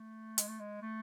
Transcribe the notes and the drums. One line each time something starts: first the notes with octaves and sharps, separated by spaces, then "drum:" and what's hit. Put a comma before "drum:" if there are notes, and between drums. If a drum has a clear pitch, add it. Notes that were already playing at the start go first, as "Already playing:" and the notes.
Already playing: A3
G#3, drum: hi-hat
A3
G#3
A3